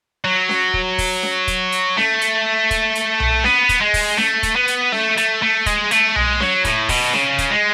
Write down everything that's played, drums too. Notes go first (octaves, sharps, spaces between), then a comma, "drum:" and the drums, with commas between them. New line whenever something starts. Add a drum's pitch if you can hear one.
F#3
drum: snare C#4
drum: kick
drum: kick, open hi-hat
drum: snare C#4
drum: kick, hi-hat
drum: hi-hat
A3, drum: snare C#4
drum: hi-hat
drum: kick, hi-hat
drum: hi-hat
drum: tom B1
B3, drum: snare C#4
drum: kick, hi-hat
G#3
drum: kick, open hi-hat
A3, drum: snare C#4
drum: kick, hi-hat
B3
drum: hi-hat
A3, drum: snare C#4
A3, drum: hi-hat
A3
G#3, drum: kick, hi-hat
A3, drum: hi-hat
G#3, drum: tom B1
F#3, drum: snare C#4
A2, drum: kick, hi-hat
B2, drum: kick, open hi-hat
C#3, drum: snare C#4
drum: kick, hi-hat
G#3